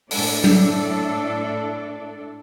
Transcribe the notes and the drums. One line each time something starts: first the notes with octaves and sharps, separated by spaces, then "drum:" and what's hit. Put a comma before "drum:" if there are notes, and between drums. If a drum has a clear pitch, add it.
A2 D4 A4 D5, drum: open hi-hat
drum: tom F#3